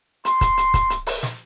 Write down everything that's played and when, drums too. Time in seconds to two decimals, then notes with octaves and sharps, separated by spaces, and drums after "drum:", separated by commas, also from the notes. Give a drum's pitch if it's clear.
0.25 C6, drum: hi-hat
0.41 drum: kick, hi-hat
0.57 drum: hi-hat
0.74 drum: kick, hi-hat
0.90 drum: hi-hat
1.07 drum: open hi-hat
1.23 drum: snare